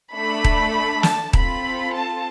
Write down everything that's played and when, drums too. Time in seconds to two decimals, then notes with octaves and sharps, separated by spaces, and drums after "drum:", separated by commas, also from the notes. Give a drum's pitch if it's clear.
0.14 A3 D4 A4 B5
0.44 drum: kick D#1
1.03 A5, drum: snare
1.33 C4 F4 A4 B5, drum: kick D#1
1.93 A5